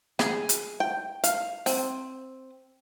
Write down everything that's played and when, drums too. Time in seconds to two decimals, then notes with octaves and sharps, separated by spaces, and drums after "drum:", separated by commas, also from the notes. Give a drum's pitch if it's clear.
0.19 G#4, drum: snare
0.49 drum: hi-hat
0.80 G5
1.24 F5, drum: hi-hat
1.66 C4, drum: open hi-hat